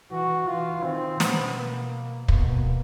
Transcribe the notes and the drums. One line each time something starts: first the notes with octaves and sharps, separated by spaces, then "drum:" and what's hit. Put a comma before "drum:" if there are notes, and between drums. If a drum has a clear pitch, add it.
E3 F#4
E3 F4
D#3 C4
B2 B3, drum: snare
A#3
B2 A#3, drum: kick